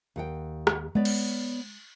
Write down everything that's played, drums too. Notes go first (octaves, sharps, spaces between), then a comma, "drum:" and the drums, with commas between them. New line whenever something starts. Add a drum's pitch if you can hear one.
D#2 F#5 G5
drum: rim click
G#3 B3 C#5 D5
drum: cymbal